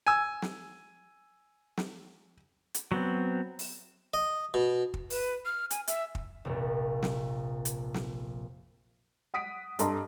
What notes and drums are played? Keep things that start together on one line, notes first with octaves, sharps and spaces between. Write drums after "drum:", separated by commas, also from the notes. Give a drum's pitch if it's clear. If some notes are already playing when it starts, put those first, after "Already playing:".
G#5 E6
drum: snare
drum: snare
drum: hi-hat
F#3 B3 C4
drum: open hi-hat
D#5
B2
drum: kick
B4, drum: open hi-hat
F6
G#5, drum: hi-hat
E5, drum: hi-hat
drum: kick
F1 A#1
drum: snare
drum: hi-hat
drum: snare
F#5 D#6 B6 D7
G2 A4 D#5 A5 A#5 C6, drum: hi-hat